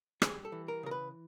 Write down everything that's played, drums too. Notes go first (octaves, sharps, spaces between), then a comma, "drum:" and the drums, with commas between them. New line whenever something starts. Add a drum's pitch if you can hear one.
G3 G#4, drum: rim click
A4
E3
A#4
C#3 A#4
B4